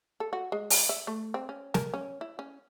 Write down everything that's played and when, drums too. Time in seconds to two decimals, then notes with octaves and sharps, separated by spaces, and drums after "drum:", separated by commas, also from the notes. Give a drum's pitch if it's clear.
0.20 A4
0.33 F#4
0.52 G#3
0.70 drum: open hi-hat
0.89 E5
1.07 A3
1.34 C4
1.49 C#4
1.74 A#4, drum: snare
1.94 C#4
2.21 E4
2.39 C#4